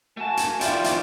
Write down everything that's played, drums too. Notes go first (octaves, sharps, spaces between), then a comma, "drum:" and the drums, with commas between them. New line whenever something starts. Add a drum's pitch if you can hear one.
A3 A#3 F#4 G#5 A5
drum: hi-hat
C2 D#3 E4 F4 D5 G5, drum: hi-hat
drum: hi-hat